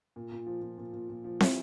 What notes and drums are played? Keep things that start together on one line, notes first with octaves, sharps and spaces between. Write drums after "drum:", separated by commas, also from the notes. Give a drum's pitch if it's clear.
A#2
A#2
F3
A#2
A#2
A#2
A#2
F3
E4, drum: snare